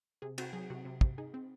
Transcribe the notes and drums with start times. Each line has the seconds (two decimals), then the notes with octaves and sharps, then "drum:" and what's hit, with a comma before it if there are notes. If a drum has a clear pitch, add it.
0.22 C3 G#4
0.38 C4 F#4, drum: cymbal
0.53 F#3 G#4
0.70 C3 F#4
0.85 C3
1.01 C3, drum: kick
1.18 D#4 G#4
1.34 C4